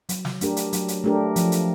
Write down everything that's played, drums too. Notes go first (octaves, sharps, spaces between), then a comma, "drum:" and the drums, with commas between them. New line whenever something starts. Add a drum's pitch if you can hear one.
F#3, drum: hi-hat
drum: snare
A3 D4 G4 A#4, drum: hi-hat
drum: hi-hat
F#3, drum: hi-hat
drum: hi-hat
A3 D4 G4 A#4
F3, drum: hi-hat
drum: hi-hat